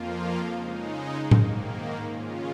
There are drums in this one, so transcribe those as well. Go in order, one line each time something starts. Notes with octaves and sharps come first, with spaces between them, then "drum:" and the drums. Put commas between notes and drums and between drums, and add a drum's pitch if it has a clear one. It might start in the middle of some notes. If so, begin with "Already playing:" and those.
Already playing: F2 F3 A#3 F4
C#3 G#3 D#4
G#2 D#3 A#3, drum: tom A2
C#3 G#3 C#4 F4